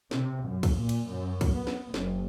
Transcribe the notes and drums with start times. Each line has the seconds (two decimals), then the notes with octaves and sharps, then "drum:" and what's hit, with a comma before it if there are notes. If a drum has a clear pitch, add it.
0.11 C3, drum: snare
0.45 F#2
0.63 drum: kick, cymbal
0.76 A#2
0.89 drum: cymbal
1.08 F#2
1.41 drum: kick, cymbal
1.53 B3
1.67 drum: snare
1.94 F#1, drum: snare